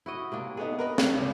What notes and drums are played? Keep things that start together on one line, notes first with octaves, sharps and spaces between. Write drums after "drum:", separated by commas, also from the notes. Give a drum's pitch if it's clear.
E4 F#4 D#5
C3 A#3 D4
A3 B3 D#4 G#4
A#4 B4 D#5
F#6, drum: snare
C#2 G3